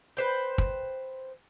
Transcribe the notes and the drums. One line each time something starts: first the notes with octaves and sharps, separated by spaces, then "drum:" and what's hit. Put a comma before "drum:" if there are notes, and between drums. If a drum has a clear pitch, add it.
B4 C5 G5
drum: kick